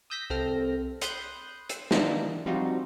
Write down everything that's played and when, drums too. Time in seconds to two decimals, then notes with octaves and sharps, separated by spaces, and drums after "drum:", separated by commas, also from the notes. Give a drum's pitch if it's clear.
0.10 D#6 E6 G6 A#6 B6
0.30 C2 C4 A4 F6 A#6
1.01 B5 C6 D#6 F#6 G6, drum: hi-hat
1.69 E6, drum: hi-hat
1.91 D#3 E3 A#3 B3 D4 D#4, drum: snare
2.46 F3 G3 C4 D#4 F4 F#4